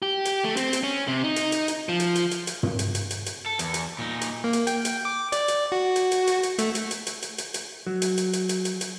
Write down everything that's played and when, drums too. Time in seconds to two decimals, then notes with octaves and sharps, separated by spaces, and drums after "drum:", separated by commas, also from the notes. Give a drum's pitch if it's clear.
0.02 G4
0.25 drum: hi-hat
0.44 A3
0.57 C4, drum: hi-hat
0.73 drum: hi-hat
0.84 C#4
1.08 C3
1.24 D#4
1.36 drum: hi-hat
1.52 drum: hi-hat
1.68 drum: hi-hat
1.89 F3
2.00 drum: hi-hat
2.15 drum: hi-hat
2.31 drum: hi-hat
2.47 drum: hi-hat
2.63 drum: tom
2.79 drum: hi-hat
2.95 drum: hi-hat
3.11 drum: hi-hat
3.26 drum: hi-hat
3.46 A4
3.59 E2, drum: hi-hat
3.74 drum: hi-hat
3.99 A#2 D#4
4.21 drum: hi-hat
4.44 A#3
4.53 drum: hi-hat
4.67 G5, drum: hi-hat
4.85 drum: hi-hat
5.05 D6
5.32 D5, drum: hi-hat
5.48 drum: hi-hat
5.72 F#4
5.96 drum: hi-hat
6.12 drum: hi-hat
6.27 drum: hi-hat
6.43 drum: hi-hat
6.58 A3, drum: hi-hat
6.75 drum: hi-hat
6.91 drum: hi-hat
7.07 drum: hi-hat
7.22 drum: hi-hat
7.38 drum: hi-hat
7.54 drum: hi-hat
7.87 F#3
8.02 drum: hi-hat
8.18 drum: hi-hat
8.33 drum: hi-hat
8.49 drum: hi-hat
8.65 drum: hi-hat
8.81 drum: hi-hat